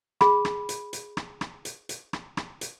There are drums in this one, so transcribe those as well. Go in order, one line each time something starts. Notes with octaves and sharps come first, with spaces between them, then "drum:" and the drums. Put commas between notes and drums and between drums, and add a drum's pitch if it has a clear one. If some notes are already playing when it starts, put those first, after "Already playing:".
G#4 B5, drum: rim click
drum: rim click
drum: hi-hat
drum: hi-hat
drum: rim click
drum: rim click
drum: hi-hat
drum: hi-hat
drum: rim click
drum: rim click
drum: hi-hat